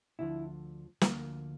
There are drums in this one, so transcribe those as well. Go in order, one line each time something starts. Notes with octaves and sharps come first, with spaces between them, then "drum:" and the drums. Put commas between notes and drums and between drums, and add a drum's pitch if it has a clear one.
D2 D3 F3 E4
D2 D3 F3 A#3, drum: snare